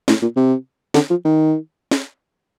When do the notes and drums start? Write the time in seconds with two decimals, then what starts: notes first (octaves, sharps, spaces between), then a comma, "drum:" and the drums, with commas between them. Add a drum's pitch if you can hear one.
0.08 A2, drum: snare
0.22 A#2
0.36 C3
0.94 D3, drum: snare
1.10 F3
1.25 D#3
1.91 drum: snare